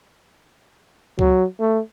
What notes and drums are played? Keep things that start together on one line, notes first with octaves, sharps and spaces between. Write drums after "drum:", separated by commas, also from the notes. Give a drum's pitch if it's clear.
F#3, drum: kick C#2
A3